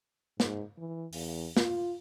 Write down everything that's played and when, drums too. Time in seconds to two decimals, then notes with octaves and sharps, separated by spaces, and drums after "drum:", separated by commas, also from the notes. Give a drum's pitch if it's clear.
0.40 G#2, drum: snare
0.78 E3
1.13 E2, drum: open hi-hat
1.57 F4, drum: snare